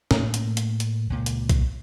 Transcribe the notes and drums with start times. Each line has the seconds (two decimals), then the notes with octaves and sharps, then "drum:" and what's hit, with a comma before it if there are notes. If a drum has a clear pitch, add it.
0.11 A2 A3 A#3, drum: snare
0.34 drum: hi-hat
0.57 drum: hi-hat
0.80 drum: hi-hat
1.10 C#2 A#2
1.26 drum: hi-hat
1.49 drum: kick, hi-hat